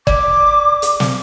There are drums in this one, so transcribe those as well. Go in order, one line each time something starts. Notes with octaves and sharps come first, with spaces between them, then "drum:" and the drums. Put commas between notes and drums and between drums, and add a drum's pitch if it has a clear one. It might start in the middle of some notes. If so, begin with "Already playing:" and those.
D5 D6, drum: kick
drum: hi-hat
drum: snare